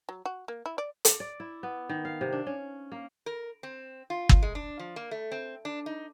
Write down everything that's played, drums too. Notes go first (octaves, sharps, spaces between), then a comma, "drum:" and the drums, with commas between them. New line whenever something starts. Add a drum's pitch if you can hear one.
F#3
F#4
A#3
E4
D5
drum: hi-hat
D5
E4
B3
D#3
F5
C3
D4
C#4
A#3
A#4
C4
F4
drum: kick
G#3
D4
F3
A#3
A3
C4
D4
D#4